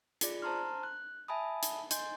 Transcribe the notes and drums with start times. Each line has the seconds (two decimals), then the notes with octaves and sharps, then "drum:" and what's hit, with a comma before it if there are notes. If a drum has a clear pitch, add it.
0.21 F4 G#4 D5, drum: hi-hat
0.42 C5 A5 A#5 C6 F6
0.83 F#6
1.28 E5 G#5 A5 B5 D#6
1.63 drum: hi-hat
1.91 D#5 G#5 C6 G6, drum: hi-hat